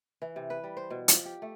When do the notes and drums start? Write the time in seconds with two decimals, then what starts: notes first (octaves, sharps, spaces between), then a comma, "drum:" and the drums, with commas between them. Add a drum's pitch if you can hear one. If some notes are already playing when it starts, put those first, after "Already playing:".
0.22 E3
0.36 C3
0.50 B4
0.64 G3
0.77 C5
0.90 B2
1.08 F3, drum: hi-hat
1.25 G4
1.42 A3